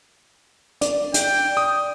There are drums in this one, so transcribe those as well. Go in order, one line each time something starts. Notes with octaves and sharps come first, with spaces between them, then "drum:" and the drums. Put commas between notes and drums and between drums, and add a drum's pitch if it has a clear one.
D5, drum: hi-hat
G5, drum: hi-hat
D#6